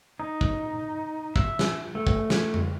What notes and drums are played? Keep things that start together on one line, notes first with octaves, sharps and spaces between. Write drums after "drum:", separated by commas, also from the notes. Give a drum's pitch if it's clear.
D#4
drum: kick
E5, drum: kick
drum: snare
A3
drum: kick
drum: snare
drum: tom F2